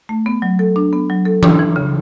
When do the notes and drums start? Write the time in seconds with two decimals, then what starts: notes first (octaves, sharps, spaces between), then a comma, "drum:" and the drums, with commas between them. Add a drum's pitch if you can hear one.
0.09 A3
0.26 B3
0.42 F#3
0.59 A4
0.76 D4
0.93 B3
1.10 F#3
1.25 A4
1.43 D4, drum: tom E3
1.59 E3
1.76 C#3